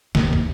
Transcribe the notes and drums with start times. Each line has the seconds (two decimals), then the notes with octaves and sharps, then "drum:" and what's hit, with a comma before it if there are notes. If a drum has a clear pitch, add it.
0.15 D#2, drum: snare
0.33 drum: kick